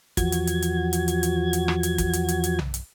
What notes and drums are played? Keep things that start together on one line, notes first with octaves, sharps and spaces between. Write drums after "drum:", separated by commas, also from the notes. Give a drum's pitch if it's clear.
E2 F3 F#4 G#6, drum: kick, hi-hat
drum: hi-hat
drum: hi-hat
drum: hi-hat
drum: hi-hat
drum: hi-hat
drum: hi-hat
drum: hi-hat
drum: rim click
drum: hi-hat
drum: kick, hi-hat
drum: hi-hat
drum: hi-hat
drum: hi-hat
drum: tom B1
drum: hi-hat